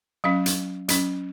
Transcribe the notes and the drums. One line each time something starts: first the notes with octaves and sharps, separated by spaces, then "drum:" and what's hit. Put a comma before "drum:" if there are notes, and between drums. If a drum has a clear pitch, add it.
F#3 C#4 F5
drum: hi-hat
F#3 C#4, drum: hi-hat